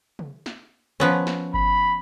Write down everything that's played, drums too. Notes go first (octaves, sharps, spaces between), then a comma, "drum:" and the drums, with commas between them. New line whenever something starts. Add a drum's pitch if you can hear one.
drum: tom
drum: snare
F3 B3 C#4
drum: snare
B5, drum: kick G1